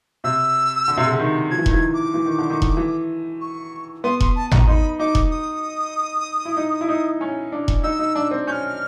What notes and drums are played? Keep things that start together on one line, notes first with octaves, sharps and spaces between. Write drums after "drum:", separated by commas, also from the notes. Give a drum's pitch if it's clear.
C3 E6
D3
C3
C#3
D3
D#3
F3 G#6
E3
D#3, drum: kick E1
E3 G#6
D6
E3
D#3
D3
D#3
drum: kick E1
E3
C#6
B3 C6
C6, drum: kick E1
A5
A#5, drum: tom G#1
D#4 C6
B5
D#4 D6
drum: kick E1
D#6
E4
D#4
E4
D#4
C#4
D4
drum: kick E1
D#4 E6
D#4
D4
C4
C#4 G6
F6